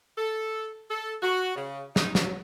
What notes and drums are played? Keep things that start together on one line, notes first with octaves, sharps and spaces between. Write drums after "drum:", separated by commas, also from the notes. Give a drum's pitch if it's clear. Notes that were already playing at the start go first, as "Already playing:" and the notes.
A4
A4
F#4
C#3
D#4, drum: snare
F#3, drum: snare